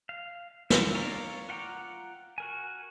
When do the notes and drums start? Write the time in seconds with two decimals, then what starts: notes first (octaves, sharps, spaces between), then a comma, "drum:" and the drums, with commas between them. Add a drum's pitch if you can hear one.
0.09 F5
0.70 E4, drum: snare
0.95 C#5 D5 F5 A#5
1.49 F4 F#5 G5 A#5 D6
2.38 F#4 A#4 G#5